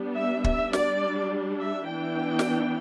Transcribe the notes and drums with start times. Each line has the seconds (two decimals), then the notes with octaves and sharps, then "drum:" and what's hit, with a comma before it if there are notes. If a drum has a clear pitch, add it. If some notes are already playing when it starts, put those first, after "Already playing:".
Already playing: G3 B3 D4
0.16 E5
0.44 E5, drum: kick
0.73 G3 D4 D5, drum: snare
1.59 E5
1.88 E3 B3 D4 G5
2.39 drum: snare